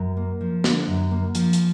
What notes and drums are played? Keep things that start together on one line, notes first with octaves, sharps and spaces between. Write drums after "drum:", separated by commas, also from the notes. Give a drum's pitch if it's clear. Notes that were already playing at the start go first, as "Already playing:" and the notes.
Already playing: F#2 A#4
A#3
F3
D3, drum: snare
F#2
A#3
F3, drum: hi-hat
drum: hi-hat